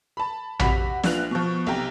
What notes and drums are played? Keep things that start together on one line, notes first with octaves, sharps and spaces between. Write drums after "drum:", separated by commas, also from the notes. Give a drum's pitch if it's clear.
A5 B5
C3 F#4 B5 B6 F7, drum: tom A#1
A#1 D4 F4 B4 F#6 F7, drum: snare
B2 F3
B1 C3 G5 A#5